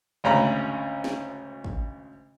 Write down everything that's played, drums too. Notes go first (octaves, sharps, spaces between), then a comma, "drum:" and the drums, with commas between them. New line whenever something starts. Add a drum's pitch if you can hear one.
G#1 D2 C#3 C#4 A#5 B5
drum: snare
drum: kick